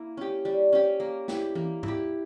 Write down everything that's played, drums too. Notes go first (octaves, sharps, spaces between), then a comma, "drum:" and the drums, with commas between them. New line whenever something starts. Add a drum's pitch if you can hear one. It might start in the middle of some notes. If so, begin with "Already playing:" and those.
Already playing: A#3 E4
C#4 G4
G3
C#4 G4
A#3
E4 G4, drum: snare
A#3, drum: tom E3
E4 G4, drum: tom G#2